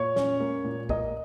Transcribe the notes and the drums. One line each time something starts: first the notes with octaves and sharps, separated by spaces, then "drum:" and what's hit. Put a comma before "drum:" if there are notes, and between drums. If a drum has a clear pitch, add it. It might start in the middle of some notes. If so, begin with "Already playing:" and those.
Already playing: A#2 C#5
C#4, drum: snare
A#3
A#2
A#3 D#5, drum: kick